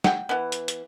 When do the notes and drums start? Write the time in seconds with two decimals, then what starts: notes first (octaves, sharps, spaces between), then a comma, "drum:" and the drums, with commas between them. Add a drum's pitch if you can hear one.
0.04 F#5 G5, drum: snare
0.29 E3 B3
0.52 drum: hi-hat
0.68 drum: hi-hat